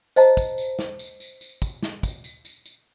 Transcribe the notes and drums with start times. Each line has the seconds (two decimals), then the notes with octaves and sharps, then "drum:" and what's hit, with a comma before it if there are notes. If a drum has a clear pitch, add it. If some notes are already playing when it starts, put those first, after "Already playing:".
0.16 C5 D#5 A5 A#5, drum: tambourine
0.37 drum: kick, tambourine
0.58 drum: tambourine
0.79 drum: snare
0.99 drum: tambourine
1.20 drum: tambourine
1.41 drum: tambourine
1.62 drum: kick, tambourine
1.83 drum: snare
2.03 drum: kick, tambourine
2.24 drum: tambourine
2.45 drum: tambourine
2.66 drum: tambourine